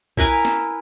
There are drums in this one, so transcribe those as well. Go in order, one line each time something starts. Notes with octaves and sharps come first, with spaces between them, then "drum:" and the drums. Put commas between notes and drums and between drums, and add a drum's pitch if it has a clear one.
E4 A#4 B4 G#5, drum: kick
drum: snare